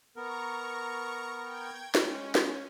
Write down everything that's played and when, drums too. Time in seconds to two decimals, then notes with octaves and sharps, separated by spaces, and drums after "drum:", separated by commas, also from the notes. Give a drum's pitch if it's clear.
0.16 B3 A#4 A#5 C#6
1.45 G5 G#6
1.95 G#3 C#4, drum: snare
2.35 drum: snare